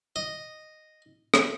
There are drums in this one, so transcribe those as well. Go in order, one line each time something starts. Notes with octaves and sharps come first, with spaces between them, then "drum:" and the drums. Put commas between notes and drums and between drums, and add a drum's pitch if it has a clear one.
D#5
drum: rim click